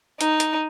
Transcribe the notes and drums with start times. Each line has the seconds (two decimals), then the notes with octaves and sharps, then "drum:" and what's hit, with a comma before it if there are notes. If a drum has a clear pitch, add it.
0.21 D#4, drum: hi-hat
0.40 drum: hi-hat